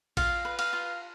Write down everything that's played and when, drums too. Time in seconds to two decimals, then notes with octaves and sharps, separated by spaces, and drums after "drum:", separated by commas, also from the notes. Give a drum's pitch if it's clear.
0.17 F4 F5, drum: kick, cymbal
0.45 B4
0.59 F5, drum: cymbal
0.73 F4